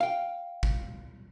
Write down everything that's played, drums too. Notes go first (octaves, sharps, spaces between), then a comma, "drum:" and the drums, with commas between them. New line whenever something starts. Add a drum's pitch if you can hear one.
F5 G5
drum: kick